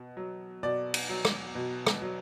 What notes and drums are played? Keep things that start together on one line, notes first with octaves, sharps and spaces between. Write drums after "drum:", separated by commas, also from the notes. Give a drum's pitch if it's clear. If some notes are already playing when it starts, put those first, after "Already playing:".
Already playing: B2
F#3
B2 D5
drum: cymbal
F#3
drum: rim click
B2
drum: rim click
F#3